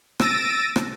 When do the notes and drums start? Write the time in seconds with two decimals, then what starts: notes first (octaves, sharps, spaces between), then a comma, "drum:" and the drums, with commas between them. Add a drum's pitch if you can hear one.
0.19 E6 A6 A#6 D7 D#7, drum: rim click
0.76 drum: rim click